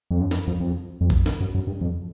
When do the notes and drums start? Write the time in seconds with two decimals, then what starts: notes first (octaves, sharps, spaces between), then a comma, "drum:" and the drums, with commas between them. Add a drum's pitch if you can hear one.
0.11 F2
0.21 F#2
0.31 drum: snare
0.47 F2
0.60 F2
1.01 F2
1.10 drum: kick A1
1.26 drum: snare
1.41 F#2
1.55 F#2
1.67 G2
1.81 F2